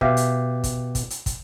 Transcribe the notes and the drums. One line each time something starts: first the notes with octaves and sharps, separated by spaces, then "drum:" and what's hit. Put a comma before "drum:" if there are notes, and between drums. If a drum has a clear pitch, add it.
B2 G4 E5 F5, drum: kick
drum: hi-hat
drum: kick, hi-hat
drum: kick, hi-hat
drum: hi-hat
drum: kick, hi-hat